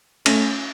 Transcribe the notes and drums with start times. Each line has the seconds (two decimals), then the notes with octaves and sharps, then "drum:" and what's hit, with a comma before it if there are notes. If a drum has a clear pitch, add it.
0.26 A3 C#4, drum: cymbal